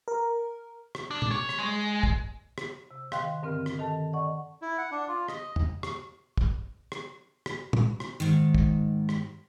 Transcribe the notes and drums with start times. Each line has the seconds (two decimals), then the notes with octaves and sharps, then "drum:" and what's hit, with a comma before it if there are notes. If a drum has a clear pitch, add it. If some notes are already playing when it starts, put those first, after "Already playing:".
0.08 A#4
0.95 drum: rim click
1.11 D4
1.22 drum: tom
1.31 C#5
1.49 drum: rim click
1.59 G#3
2.03 drum: kick
2.58 drum: rim click
2.91 C3
3.12 D#3 F5 G5 C6 F#6, drum: rim click
3.43 G2 D3 C4 A#4 F6
3.66 drum: rim click
3.79 D#3 A4 A5
4.13 D5 D#5 F#5 C#6
4.62 E4
4.78 F#5
4.91 D4
5.08 F4
5.28 D#5, drum: rim click
5.56 drum: tom
5.83 drum: rim click
6.37 drum: kick
6.92 drum: rim click
7.46 drum: rim click
7.73 drum: tom
8.00 drum: rim click
8.20 G#2 D#3
8.55 drum: kick
9.09 drum: rim click